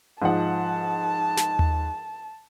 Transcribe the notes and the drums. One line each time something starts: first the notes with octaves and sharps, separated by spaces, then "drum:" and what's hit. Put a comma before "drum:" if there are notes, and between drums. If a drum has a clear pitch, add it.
G#2 F3 F#5 A5
drum: snare
drum: tom D#2